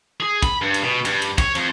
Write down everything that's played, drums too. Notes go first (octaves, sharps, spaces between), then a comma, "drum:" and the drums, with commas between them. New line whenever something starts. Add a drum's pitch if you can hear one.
G#4
B5, drum: kick, cymbal
G2
drum: cymbal
B2
G2, drum: cymbal
drum: cymbal
C#5, drum: kick, cymbal
F2, drum: cymbal